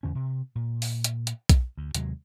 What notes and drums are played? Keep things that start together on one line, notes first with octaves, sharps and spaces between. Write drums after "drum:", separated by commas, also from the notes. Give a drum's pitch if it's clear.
E2 D3 C#4
C3
A#2
drum: open hi-hat
drum: hi-hat
drum: hi-hat
drum: kick B1, hi-hat
D2
D#2 C3 F#3 G#3, drum: hi-hat